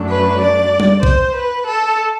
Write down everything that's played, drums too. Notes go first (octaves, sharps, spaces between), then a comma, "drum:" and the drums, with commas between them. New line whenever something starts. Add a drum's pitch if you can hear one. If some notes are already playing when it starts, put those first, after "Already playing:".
Already playing: F#2 F#3 A3 D4
B4
D5
drum: tom G3
C5, drum: kick
B4
A4